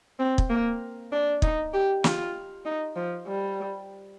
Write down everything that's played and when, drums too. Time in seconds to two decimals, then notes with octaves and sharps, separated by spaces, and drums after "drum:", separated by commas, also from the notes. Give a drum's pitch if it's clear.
0.19 C4
0.38 drum: kick
0.50 A#3
1.12 D4
1.42 D#4, drum: kick
1.74 G4
2.04 F4, drum: snare
2.65 D#4
2.96 F3
3.27 G3